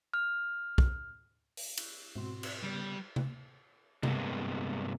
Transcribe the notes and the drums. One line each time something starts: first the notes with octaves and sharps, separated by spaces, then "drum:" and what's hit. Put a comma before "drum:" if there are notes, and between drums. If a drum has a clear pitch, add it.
F6
drum: kick B1
drum: open hi-hat
drum: cymbal
G#2 B2 C4 F#4 C6
drum: cymbal
C#3 G3 B3
drum: tom C3
G2 C3 G#3 A#3 B3, drum: tom C3